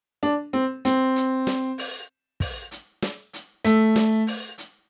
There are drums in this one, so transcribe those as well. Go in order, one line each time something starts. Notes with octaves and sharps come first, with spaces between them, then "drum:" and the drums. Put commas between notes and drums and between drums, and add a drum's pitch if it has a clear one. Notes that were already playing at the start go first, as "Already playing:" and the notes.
D4
C4
C4, drum: hi-hat
drum: hi-hat
drum: snare
drum: open hi-hat
drum: kick, open hi-hat
drum: hi-hat
drum: snare
drum: hi-hat
A3, drum: hi-hat
drum: snare
drum: open hi-hat
drum: hi-hat